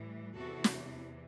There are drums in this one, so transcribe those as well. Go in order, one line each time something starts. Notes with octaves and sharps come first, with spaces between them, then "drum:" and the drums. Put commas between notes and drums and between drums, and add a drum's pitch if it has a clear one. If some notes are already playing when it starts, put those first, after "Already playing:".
Already playing: A2 E3 G3
E2 C3 E3 F#4 A4
drum: snare